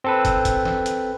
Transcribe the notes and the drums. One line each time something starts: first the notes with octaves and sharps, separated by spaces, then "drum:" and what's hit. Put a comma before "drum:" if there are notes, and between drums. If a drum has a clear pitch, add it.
C4 A4 B4
drum: kick, hi-hat
drum: kick, hi-hat
drum: snare
drum: hi-hat